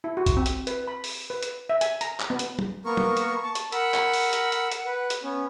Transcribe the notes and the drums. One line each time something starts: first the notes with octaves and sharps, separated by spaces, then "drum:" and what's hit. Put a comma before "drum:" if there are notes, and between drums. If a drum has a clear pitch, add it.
E4
F#4
drum: kick B1, hi-hat
C4
drum: hi-hat
B4, drum: hi-hat
B5
drum: open hi-hat
B4
drum: hi-hat
E5
G#5, drum: hi-hat
A#5, drum: hi-hat
drum: clap
B3
drum: hi-hat
drum: tom
A#3 B3 A#4 C#6
drum: tom
drum: hi-hat
A5
drum: hi-hat
A#4 F#5 B5 E6, drum: hi-hat
drum: clap
drum: open hi-hat
drum: hi-hat
drum: hi-hat
drum: hi-hat
B4
drum: hi-hat
B3 C#4